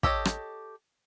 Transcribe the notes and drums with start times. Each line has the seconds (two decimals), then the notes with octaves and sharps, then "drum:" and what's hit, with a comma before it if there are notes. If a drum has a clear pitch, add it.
0.03 G4 A4 C#5 D#5, drum: kick
0.25 drum: rim click